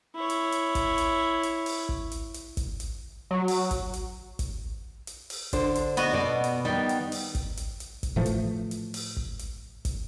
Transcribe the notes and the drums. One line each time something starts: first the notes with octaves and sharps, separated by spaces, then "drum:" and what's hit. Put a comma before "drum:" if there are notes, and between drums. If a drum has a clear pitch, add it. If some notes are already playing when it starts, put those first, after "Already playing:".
E4 C#5
drum: hi-hat
drum: hi-hat
drum: kick, hi-hat
drum: hi-hat
drum: hi-hat
drum: open hi-hat
drum: kick
drum: hi-hat
drum: hi-hat
drum: kick, hi-hat
drum: hi-hat
F#3
drum: open hi-hat
drum: kick, hi-hat
drum: hi-hat
drum: kick, hi-hat
drum: hi-hat
drum: open hi-hat
D3 D4 C5, drum: kick, hi-hat
drum: hi-hat
B3 F#4 D#5, drum: hi-hat
B2 D5
drum: hi-hat
D#3 G3 B3
drum: hi-hat
drum: open hi-hat
drum: kick, hi-hat
drum: hi-hat
drum: hi-hat
drum: kick, hi-hat
A2 E3 F3 A3
drum: hi-hat
drum: hi-hat
drum: open hi-hat
drum: kick
drum: hi-hat
drum: kick, hi-hat